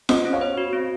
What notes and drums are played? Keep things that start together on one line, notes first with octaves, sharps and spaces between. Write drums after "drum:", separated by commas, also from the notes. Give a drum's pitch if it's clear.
C5 D#5 F#5, drum: snare F4
C#4
C#5 F5
C5
F#4
C4